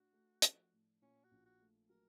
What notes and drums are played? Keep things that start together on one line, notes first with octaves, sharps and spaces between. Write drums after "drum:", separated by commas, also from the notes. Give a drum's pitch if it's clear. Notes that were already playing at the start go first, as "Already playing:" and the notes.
Already playing: A2 D4 F#4
A3
F3, drum: hi-hat
A2
A#2 C#4
F#4
A#1
F#4
A3
F#3 A#4